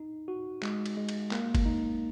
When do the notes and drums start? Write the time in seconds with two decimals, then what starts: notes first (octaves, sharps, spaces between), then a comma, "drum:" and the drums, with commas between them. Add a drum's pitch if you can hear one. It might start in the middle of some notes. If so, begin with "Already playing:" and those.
Already playing: D#4
0.28 F#4
0.63 G#3, drum: clap
0.86 drum: cymbal
0.97 G#3
1.09 drum: cymbal
1.31 A#3, drum: clap
1.55 drum: kick G1, cymbal
1.66 D#4